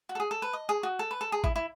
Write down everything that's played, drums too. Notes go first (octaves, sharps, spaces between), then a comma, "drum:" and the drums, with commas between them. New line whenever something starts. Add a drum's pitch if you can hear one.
F#4
A4
G#4
A4
B4
D#5
G#4
F#4
A4
B4
A4
G#4
E4, drum: kick G#1
E4